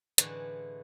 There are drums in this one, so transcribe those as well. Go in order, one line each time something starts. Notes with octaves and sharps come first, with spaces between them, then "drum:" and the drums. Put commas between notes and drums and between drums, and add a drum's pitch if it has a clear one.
A2 D3 E3 G#3 A3, drum: hi-hat